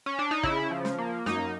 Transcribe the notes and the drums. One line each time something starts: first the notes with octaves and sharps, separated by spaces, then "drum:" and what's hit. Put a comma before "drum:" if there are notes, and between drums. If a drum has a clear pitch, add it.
C#4
D4
D#4
C#3 E4, drum: kick
F3
drum: snare
A#3
F#2 D#4, drum: snare